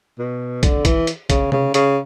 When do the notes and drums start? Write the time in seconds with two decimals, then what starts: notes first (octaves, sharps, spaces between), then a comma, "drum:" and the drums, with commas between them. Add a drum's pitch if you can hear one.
0.19 B2
0.63 D3, drum: kick, hi-hat
0.85 E3, drum: kick, hi-hat
1.07 drum: hi-hat
1.30 C#3, drum: kick, hi-hat
1.52 C#3, drum: tom C3
1.74 C#3, drum: hi-hat